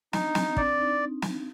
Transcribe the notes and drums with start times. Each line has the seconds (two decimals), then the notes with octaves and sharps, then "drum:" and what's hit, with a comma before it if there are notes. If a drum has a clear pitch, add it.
0.13 D4 D#4, drum: snare
0.35 C4, drum: snare
0.57 C4 D5, drum: kick
0.79 D#4
1.22 drum: snare